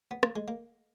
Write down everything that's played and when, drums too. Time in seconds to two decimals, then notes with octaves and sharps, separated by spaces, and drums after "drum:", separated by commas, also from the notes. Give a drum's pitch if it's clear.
0.11 B3
0.23 A#3, drum: rim click
0.36 G#3
0.48 A#3